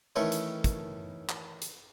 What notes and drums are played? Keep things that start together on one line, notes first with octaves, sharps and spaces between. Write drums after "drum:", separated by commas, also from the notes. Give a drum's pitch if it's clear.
D#3 E3 A3 C#4 A4 C#5
drum: hi-hat
drum: kick, hi-hat
drum: clap
drum: hi-hat